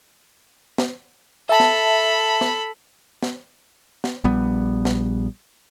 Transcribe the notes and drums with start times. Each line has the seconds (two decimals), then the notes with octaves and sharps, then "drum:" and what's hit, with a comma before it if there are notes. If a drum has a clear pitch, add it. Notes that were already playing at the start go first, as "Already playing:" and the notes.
0.78 drum: snare
1.49 A4 E5 A5 B5
1.60 drum: snare
2.41 drum: snare
3.23 drum: snare
4.04 drum: snare
4.24 A#1 G3 B3
4.85 drum: snare